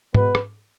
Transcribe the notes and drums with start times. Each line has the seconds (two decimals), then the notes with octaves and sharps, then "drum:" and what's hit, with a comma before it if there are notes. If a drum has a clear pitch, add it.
0.14 B2 G#3 B3 B4, drum: tom G#2
0.35 drum: rim click